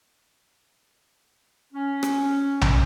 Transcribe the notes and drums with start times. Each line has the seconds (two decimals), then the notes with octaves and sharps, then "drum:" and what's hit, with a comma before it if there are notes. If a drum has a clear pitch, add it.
1.73 C#4
2.03 drum: rim click
2.61 drum: tom A#1